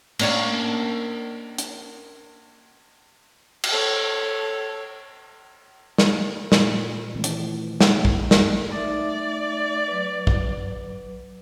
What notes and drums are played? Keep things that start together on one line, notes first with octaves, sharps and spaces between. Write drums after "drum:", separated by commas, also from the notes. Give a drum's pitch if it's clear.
A#3 C#4 D4, drum: cymbal
drum: hi-hat
drum: cymbal
A4 C#5
drum: snare
A#2, drum: snare
D#3 E3 G#3 A3 C4
drum: hi-hat
drum: snare
G#3, drum: kick A#1
drum: snare
A3 D#4 D5 E5
F#3 B4
drum: kick A#1